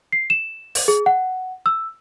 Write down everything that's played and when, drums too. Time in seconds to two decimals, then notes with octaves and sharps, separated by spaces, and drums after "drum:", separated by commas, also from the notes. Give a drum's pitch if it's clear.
0.12 C7
0.30 E7
0.75 drum: open hi-hat
0.88 G#4
1.06 F#5
1.66 E6